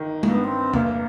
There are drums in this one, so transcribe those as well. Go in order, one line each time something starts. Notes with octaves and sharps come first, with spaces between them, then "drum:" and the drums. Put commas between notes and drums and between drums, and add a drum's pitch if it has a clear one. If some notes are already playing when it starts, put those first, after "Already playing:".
Already playing: G1 D#3
A#3, drum: tom
G2 B3
C4
F1 A#3, drum: tom